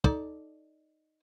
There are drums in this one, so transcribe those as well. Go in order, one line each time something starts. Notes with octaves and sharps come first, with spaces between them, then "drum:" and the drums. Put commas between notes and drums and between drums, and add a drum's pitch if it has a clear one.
D#4 A4 D5, drum: kick